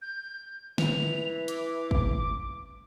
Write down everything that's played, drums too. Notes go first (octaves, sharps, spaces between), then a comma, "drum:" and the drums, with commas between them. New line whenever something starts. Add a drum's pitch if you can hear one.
G6
E3 F7, drum: snare
D6, drum: hi-hat
drum: kick